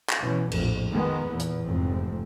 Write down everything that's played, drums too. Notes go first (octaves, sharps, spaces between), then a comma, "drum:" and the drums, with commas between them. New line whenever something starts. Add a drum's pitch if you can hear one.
drum: clap
B2 E3 C#4
A#1 F2 A2, drum: cymbal
D#3 G#3 B3
E2 A#2
drum: hi-hat
F1 G#2 C4